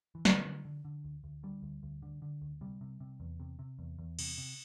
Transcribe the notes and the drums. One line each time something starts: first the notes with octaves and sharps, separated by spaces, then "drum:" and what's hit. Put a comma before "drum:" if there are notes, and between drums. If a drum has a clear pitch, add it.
E3
D3 F3, drum: snare
D3
D3
D3
D2
D2
D3 G3
D2
D2
D3
D3
D2
C3 G3
C3
C3
E2
C3
C3
E2
E2
C3, drum: cymbal
C3